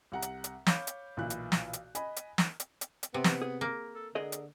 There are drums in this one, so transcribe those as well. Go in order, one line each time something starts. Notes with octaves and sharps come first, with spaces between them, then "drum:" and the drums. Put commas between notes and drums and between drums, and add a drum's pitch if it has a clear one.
C2 F#5 A#5
drum: hi-hat
drum: hi-hat
C#5 F5 B5 D6 G6, drum: snare
drum: hi-hat
B1 A#2 E3 E4 F#6
drum: hi-hat
drum: snare
drum: hi-hat
D#5 G#5 B5, drum: hi-hat
drum: hi-hat
drum: snare
drum: hi-hat
drum: hi-hat
drum: hi-hat
C3 B3
drum: snare
G#4
A#3
A4
D3 G#4 A#4 D#5
drum: hi-hat